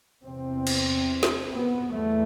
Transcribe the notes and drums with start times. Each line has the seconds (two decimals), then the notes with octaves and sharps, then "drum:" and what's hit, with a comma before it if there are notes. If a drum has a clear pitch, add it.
0.24 E2 C3 C4
0.67 drum: cymbal
1.23 drum: snare
1.52 B3
1.94 E2 A3